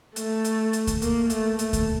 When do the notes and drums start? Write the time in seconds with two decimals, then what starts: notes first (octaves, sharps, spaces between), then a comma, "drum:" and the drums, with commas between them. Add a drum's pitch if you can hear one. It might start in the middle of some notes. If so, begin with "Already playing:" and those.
0.16 A3, drum: hi-hat
0.44 drum: hi-hat
0.73 drum: hi-hat
0.87 drum: kick D2, hi-hat
1.02 A#3, drum: hi-hat
1.30 A3, drum: hi-hat
1.59 A3, drum: hi-hat
1.73 drum: kick D2, hi-hat